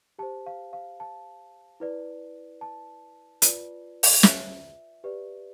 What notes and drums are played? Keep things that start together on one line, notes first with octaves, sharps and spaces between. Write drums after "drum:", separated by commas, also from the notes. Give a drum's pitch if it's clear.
G4 C5 A5
F5
F5
A5
E4 B4 D5
A5
F4 B4 D5, drum: hi-hat
drum: open hi-hat
E5, drum: snare
G4 B4 D5